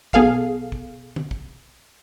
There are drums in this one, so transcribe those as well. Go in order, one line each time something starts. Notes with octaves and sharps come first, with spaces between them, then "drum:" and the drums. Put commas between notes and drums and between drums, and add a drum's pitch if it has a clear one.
B1 B3 G#4 A4 F5 C7, drum: kick
drum: kick
drum: tom D3
drum: kick